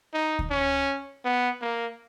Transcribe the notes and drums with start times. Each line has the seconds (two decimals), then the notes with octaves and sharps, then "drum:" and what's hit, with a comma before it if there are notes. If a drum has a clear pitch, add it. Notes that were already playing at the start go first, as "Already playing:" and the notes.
0.13 D#4
0.39 drum: kick D2
0.51 C#4
1.25 B3
1.61 A#3